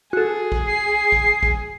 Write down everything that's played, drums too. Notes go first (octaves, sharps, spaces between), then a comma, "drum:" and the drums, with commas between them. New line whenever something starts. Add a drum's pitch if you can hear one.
F#4 G#4 A4
drum: kick A#1
C7
drum: kick A#1
drum: kick A#1